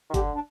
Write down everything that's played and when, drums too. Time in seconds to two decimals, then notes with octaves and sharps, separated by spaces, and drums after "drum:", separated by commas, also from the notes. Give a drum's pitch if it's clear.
0.10 D#3
0.14 D3 G4, drum: kick, hi-hat
0.35 D4